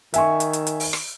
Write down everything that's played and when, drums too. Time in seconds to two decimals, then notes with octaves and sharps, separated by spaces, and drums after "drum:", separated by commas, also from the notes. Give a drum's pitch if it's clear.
0.14 D#3 E5 G#5 C#6, drum: hi-hat
0.40 drum: hi-hat
0.53 drum: hi-hat
0.67 drum: hi-hat
0.80 drum: open hi-hat
0.93 drum: rim click